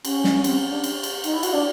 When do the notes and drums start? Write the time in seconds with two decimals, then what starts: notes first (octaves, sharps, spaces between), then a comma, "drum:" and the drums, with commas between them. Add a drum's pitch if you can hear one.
0.05 C#4, drum: cymbal
0.24 drum: snare
0.44 C4, drum: cymbal
0.57 C#4
0.71 D4
0.84 drum: cymbal
1.03 drum: cymbal
1.24 D#4, drum: cymbal
1.34 E4
1.43 F#4, drum: cymbal
1.53 D4